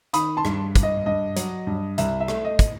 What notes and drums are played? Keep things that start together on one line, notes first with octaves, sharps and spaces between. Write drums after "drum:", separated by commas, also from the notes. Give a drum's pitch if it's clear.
D#3 B5 D#6, drum: hi-hat
A5 C6
G2, drum: rim click
G2, drum: kick, hi-hat
D#5
G2 D#5
F#3, drum: hi-hat
G2
C2 E5, drum: hi-hat
E5
A3, drum: rim click
D#5
drum: kick, hi-hat